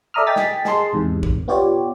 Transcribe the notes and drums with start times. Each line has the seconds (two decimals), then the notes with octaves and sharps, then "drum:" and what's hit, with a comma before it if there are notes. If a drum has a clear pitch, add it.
0.14 A4 D5 E5 A#5 D#6 F6
0.27 D#5 G5 G#5 A6 B6
0.36 drum: snare
0.65 G#4 D#5 A5 C6, drum: snare
0.93 E2 G#2 C3
1.23 drum: kick
1.48 B3 F4 G4 C#5 D5